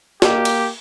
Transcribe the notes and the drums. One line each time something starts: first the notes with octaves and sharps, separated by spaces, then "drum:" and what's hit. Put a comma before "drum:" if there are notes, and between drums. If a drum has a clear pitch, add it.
A#3 G4, drum: snare
drum: cymbal